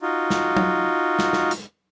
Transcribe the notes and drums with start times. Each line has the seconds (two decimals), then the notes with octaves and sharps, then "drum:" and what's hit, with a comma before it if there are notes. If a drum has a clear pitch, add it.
0.01 D#4 F4 F#4
0.30 drum: snare
0.57 drum: tom
1.19 drum: snare
1.33 drum: snare
1.51 drum: hi-hat